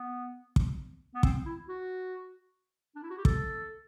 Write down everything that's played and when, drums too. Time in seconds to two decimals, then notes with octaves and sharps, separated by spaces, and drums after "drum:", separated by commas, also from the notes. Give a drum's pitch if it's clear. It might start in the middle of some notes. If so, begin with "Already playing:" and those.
Already playing: B3
0.56 drum: kick
1.15 B3
1.23 C4, drum: kick
1.46 E4
1.68 F#4
2.96 D4
3.03 E4
3.10 F#4
3.18 G4
3.25 A4, drum: kick